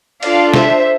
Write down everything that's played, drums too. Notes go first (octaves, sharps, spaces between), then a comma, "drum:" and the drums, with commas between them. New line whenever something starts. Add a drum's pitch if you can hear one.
D4 F4 A4 D5 F5, drum: cymbal
C5 E5, drum: snare